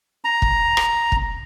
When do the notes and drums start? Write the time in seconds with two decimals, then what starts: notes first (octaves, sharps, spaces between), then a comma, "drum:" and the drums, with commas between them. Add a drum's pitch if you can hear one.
0.25 A#5
0.42 drum: kick
0.77 drum: rim click
1.12 drum: kick